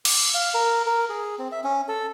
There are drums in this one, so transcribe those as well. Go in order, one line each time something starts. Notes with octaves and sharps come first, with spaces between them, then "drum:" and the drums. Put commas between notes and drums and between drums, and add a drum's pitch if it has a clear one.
D6, drum: cymbal
F5
A#4
A#4
G#4
C4
E5
C#4
A4